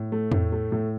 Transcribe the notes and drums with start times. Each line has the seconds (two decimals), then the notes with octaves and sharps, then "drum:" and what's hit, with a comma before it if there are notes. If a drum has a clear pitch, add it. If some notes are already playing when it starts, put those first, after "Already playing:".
Already playing: A2
0.12 A3
0.32 A2, drum: tom E2
0.52 A3
0.72 A2